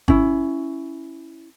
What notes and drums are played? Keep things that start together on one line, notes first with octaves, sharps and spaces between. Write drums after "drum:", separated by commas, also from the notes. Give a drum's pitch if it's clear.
C#4 E4, drum: kick